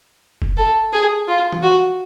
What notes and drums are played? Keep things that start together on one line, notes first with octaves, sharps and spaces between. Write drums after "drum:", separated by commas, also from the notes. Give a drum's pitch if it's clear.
drum: kick F1
A4
G#4
F4
drum: tom E3
F#4